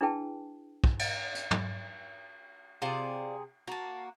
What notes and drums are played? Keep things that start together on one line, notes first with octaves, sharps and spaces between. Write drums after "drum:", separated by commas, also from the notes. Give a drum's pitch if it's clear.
D4 E4 G#4 B4 G5 A5
drum: kick
drum: cymbal
drum: hi-hat
drum: tom
C3 F4 G#4 C5 D5
A#3 F#4 A5 A#5